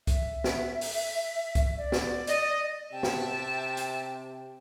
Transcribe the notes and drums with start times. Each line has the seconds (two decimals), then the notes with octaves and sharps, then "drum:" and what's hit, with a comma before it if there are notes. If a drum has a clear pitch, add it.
0.07 E5, drum: kick C2, hi-hat
0.44 drum: snare
0.81 drum: open hi-hat
1.55 drum: kick C2, hi-hat
1.77 D5
1.92 drum: snare
2.27 D#5, drum: hi-hat
2.92 C3 E5 G5 A5
3.03 drum: snare
3.77 drum: hi-hat